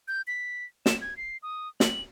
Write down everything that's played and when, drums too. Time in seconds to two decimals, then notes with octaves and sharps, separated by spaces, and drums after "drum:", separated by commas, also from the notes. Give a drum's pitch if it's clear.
0.08 G6
0.27 B6
0.86 E7, drum: snare
1.01 G#6
1.17 C7
1.43 D#6
1.80 F#7, drum: snare